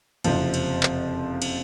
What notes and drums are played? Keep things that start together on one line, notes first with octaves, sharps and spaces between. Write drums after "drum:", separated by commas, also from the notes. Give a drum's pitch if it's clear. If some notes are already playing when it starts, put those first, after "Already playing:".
F#1 F2 C3 F3, drum: cymbal
drum: cymbal
drum: clap
drum: cymbal